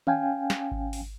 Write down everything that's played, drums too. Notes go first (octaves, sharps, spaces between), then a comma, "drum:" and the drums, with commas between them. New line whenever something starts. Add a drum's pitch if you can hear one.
C#4 F5 G5 G#5, drum: tom D#3
drum: snare
drum: kick G#1
drum: open hi-hat